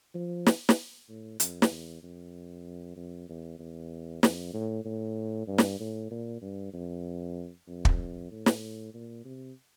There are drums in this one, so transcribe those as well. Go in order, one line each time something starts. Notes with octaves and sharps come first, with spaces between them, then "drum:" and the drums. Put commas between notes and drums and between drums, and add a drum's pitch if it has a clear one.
F3
drum: snare
drum: snare
A2
F2, drum: hi-hat
drum: snare
E2
F2
F2
E2
E2
F2, drum: snare
A2
A2
G2
drum: snare
A2
A#2
G2
F2
F2
drum: kick
A2
drum: snare
A#2
C3